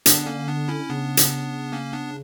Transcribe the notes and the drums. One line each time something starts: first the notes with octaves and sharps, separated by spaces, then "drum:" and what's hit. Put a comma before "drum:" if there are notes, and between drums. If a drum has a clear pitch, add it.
D3 B3 D4, drum: hi-hat
A#3 C#4
B3 D4
C#4 E4
C#3 B3 D4
drum: hi-hat
A#3 C#4
B3 D4